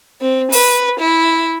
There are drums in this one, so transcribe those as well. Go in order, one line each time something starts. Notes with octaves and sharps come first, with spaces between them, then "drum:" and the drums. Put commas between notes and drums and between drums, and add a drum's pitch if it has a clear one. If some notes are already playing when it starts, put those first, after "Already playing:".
C4
B4, drum: open hi-hat
E4